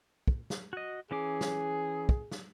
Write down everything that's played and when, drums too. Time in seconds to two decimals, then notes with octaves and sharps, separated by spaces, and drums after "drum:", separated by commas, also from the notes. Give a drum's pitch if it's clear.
0.28 drum: kick
0.50 drum: snare
0.73 F#4 D#5
1.11 E3 C#4 G#4 D6
1.41 drum: snare
2.09 drum: kick
2.32 drum: snare